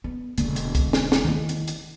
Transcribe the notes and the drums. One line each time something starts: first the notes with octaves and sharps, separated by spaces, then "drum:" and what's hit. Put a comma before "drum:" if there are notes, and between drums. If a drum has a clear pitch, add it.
B3
E1 D3, drum: hi-hat
drum: hi-hat
drum: kick C2, hi-hat
drum: snare
drum: snare
D#3 E4
drum: hi-hat
drum: hi-hat